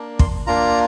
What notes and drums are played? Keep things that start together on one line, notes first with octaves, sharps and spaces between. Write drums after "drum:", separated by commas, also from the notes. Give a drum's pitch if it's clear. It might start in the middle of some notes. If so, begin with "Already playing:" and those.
Already playing: A#3 D4
C6, drum: kick
A#3 D4 F4 A#5